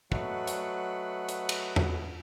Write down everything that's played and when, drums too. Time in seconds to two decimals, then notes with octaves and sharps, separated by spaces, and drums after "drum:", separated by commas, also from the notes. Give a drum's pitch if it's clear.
0.12 F#3 A3 B4 D#5 F#5, drum: kick
0.47 drum: hi-hat
1.29 drum: hi-hat
1.49 drum: cymbal
1.76 drum: tom E2